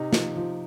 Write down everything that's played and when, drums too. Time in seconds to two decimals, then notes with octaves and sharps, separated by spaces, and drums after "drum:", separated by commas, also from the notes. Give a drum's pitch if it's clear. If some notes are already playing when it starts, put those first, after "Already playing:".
Already playing: C3 D#4
0.13 F3, drum: snare
0.36 F3